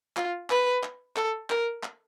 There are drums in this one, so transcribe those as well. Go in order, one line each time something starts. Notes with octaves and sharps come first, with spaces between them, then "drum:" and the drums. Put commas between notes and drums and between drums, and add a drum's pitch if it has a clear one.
F4, drum: clap
B4, drum: clap
drum: clap
A4, drum: clap
A#4, drum: clap
drum: clap